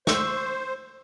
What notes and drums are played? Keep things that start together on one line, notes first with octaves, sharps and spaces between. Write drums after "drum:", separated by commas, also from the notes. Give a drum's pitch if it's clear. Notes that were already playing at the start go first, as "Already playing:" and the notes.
C5 C#6 E6, drum: snare